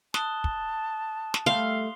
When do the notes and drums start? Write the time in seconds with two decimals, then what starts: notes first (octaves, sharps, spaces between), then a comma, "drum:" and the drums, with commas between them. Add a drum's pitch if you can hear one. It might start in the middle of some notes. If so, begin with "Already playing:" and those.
0.14 A5 D#6 F#6 G7, drum: snare
0.44 drum: kick
1.34 drum: snare
1.46 G3 A3 E5 F5 C6 G7